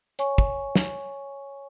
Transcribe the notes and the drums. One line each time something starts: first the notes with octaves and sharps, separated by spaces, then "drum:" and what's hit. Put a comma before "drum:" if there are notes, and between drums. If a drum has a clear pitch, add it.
C#5 G#5 C#6, drum: hi-hat
drum: kick
drum: snare